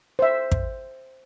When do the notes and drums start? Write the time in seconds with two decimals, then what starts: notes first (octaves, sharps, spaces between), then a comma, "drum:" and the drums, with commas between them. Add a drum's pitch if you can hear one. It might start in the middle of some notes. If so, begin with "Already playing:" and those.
0.19 C5 E5
0.51 drum: kick